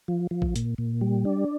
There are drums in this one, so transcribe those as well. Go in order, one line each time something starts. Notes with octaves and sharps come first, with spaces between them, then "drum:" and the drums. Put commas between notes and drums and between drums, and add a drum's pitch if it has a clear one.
F3
F3
drum: kick
A#2, drum: hi-hat
A#2
G3
D4